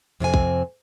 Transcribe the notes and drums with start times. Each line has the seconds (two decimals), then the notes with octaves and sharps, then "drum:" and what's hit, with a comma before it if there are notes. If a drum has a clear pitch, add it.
0.20 F2 C3 C4 G#5
0.34 drum: kick